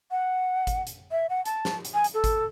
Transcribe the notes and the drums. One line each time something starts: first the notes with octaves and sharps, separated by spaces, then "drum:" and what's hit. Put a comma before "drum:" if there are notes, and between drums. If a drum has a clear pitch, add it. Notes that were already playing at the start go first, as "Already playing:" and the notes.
F#5
drum: kick G#1, hi-hat
drum: hi-hat
E5
F#5
A5, drum: hi-hat
drum: snare
drum: hi-hat
G#5
drum: hi-hat
A4
drum: kick G#1, hi-hat